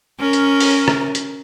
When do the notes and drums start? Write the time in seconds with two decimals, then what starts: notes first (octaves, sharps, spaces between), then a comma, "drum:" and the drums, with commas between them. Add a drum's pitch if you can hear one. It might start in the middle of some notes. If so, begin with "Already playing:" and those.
0.20 C#4 A#4
0.33 drum: hi-hat
0.60 drum: open hi-hat
0.88 drum: rim click
1.15 drum: hi-hat